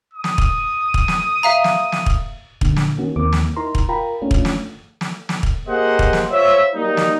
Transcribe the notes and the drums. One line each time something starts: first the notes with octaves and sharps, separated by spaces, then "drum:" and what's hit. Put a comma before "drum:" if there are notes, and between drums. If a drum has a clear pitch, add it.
D#6
drum: snare
drum: kick
drum: kick
drum: snare
E5 F5 A#5
drum: snare
drum: snare
drum: kick
A#2 D3, drum: kick
drum: snare
D#3 A#3 C#4 F#4
D#2 D#3 A#3 C4 D6
drum: snare
D#4 E4 A#4 A#5 C6
drum: kick
F4 A#4 G5 A#5 B5
A3 C#4 D4 F4
drum: kick
drum: snare
drum: snare
drum: snare
drum: kick
A#3 G4 G#4 C5 D#5 F#5
drum: kick
drum: snare
F4 C5 C#5 E5
F#3 G3 A#3 D#4
drum: snare